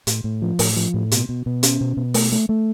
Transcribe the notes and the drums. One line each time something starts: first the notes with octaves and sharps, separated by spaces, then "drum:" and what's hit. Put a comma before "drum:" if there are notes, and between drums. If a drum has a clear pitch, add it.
A2, drum: hi-hat
A2
F3
A2, drum: open hi-hat
F3
A2
B2, drum: hi-hat
B2
B2
C#4, drum: hi-hat
B2
B2
A3, drum: open hi-hat
A3
A3